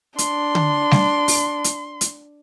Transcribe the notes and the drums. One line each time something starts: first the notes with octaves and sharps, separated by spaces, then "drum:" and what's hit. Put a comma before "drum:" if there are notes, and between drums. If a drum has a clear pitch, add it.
D4 C6, drum: hi-hat
drum: tom D3
drum: snare G3
drum: open hi-hat
drum: hi-hat
drum: hi-hat